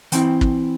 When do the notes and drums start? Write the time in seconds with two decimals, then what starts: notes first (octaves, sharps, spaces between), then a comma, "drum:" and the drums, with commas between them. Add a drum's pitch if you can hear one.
0.12 E3 C4 E4 G5, drum: hi-hat
0.41 drum: kick